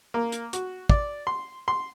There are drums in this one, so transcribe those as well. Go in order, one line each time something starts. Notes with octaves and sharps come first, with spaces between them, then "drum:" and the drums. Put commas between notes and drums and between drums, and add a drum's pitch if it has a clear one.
A#3
drum: hi-hat
F#4, drum: hi-hat
D5, drum: kick
C6
C6